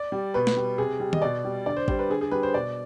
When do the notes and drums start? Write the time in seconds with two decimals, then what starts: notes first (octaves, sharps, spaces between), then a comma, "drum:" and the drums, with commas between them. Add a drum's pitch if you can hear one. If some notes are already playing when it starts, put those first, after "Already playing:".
Already playing: D5
0.12 G3
0.34 B2 B4
0.47 drum: snare
0.57 G3
0.78 C3 G#4
1.00 G3
1.13 D#5, drum: tom D#3
1.22 B2 D5
1.44 G3
1.66 D3 D5
1.77 C5
1.88 G3 C5, drum: kick G#1
1.99 B4
2.10 D3 G#4
2.21 G#4
2.31 G3 B4
2.43 C5
2.54 B2 D5